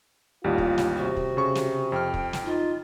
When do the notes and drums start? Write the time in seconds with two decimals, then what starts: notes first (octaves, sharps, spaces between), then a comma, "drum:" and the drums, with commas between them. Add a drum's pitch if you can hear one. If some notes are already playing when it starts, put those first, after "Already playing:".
0.44 A1 D#2 G3 F4
0.58 drum: kick
0.78 drum: snare
0.97 C3 F#4
1.16 drum: kick
1.37 C#3 C#6
1.55 drum: snare
1.92 F2 G5 F6
2.14 drum: kick
2.33 drum: snare
2.45 D#4 F4